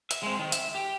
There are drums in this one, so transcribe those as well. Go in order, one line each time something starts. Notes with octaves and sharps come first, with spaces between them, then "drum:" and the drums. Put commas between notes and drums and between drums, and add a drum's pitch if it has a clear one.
E5, drum: hi-hat
G#3 C4
D#3
E5, drum: hi-hat
G4